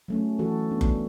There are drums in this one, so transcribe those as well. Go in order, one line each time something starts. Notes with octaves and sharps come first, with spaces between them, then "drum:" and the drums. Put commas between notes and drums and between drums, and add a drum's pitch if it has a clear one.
F#3 A3 C#4
E3 F#4 A4
B3 D4
drum: kick F#1